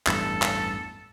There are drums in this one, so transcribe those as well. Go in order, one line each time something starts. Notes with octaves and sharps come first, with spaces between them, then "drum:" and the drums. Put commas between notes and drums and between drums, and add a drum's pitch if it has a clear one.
A1 E2 G2 A4, drum: clap
drum: clap